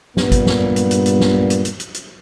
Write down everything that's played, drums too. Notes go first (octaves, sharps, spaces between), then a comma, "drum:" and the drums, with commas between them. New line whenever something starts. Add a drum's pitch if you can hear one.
G2 A#2 B3, drum: snare
drum: kick, hi-hat
drum: snare
drum: hi-hat
drum: hi-hat
drum: hi-hat
drum: snare
drum: hi-hat
drum: hi-hat
drum: hi-hat
drum: hi-hat